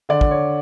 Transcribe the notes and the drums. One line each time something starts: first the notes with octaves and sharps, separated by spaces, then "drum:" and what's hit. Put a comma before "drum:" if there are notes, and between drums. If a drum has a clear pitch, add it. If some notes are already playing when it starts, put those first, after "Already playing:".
D3 D5
drum: kick
C#5